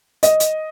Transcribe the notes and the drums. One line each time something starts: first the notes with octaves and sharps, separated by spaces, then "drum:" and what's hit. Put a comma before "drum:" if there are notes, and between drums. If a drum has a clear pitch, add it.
D#5, drum: hi-hat
drum: hi-hat